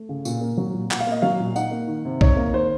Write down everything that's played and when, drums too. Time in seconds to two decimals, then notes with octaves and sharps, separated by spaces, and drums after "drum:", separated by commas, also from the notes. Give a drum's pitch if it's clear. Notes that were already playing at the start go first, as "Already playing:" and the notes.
Already playing: A3
0.09 C#3
0.25 A#2, drum: tambourine
0.41 A#3
0.57 F#3
0.73 A#2
0.91 A#2 F#5, drum: clap
1.00 F5
1.07 A#3 D#5
1.22 F#3 F5
1.40 A#2
1.56 D#4 F#5, drum: tambourine
1.71 A#3
1.88 D#3
2.05 C3
2.21 D#4 C#5, drum: kick
2.37 A#3
2.53 D#3 C5